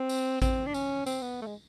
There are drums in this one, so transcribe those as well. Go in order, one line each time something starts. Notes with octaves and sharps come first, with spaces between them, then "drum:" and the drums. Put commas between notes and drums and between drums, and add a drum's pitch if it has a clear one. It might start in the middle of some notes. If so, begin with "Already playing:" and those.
Already playing: C4
drum: tambourine
C4, drum: kick A1, tambourine
D4
C#4, drum: tambourine
C4, drum: tambourine
B3
A3
G#3